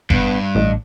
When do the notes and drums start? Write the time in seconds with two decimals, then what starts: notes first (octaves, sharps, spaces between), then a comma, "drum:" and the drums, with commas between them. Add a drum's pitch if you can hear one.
0.10 G2 B3, drum: kick F#1
0.55 A1 D#5